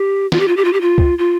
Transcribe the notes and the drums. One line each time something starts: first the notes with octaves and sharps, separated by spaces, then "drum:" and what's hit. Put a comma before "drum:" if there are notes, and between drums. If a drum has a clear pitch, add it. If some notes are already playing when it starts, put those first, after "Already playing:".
Already playing: G4
F4, drum: snare
G4
F4
G4
F4
G4
F4
drum: kick
F4